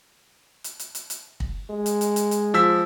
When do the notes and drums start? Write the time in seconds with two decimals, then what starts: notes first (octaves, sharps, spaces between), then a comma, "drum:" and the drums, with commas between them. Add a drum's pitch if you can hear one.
0.64 drum: hi-hat
0.79 drum: hi-hat
0.95 drum: hi-hat
1.10 drum: hi-hat
1.40 drum: kick
1.71 G#3
1.86 drum: hi-hat
2.01 drum: hi-hat
2.16 drum: hi-hat
2.31 drum: hi-hat
2.54 F3 E6 B6